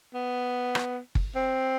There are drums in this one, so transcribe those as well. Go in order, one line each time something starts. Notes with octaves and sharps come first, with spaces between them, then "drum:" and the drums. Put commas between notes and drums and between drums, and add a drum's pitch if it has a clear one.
B3
drum: rim click
drum: kick
C4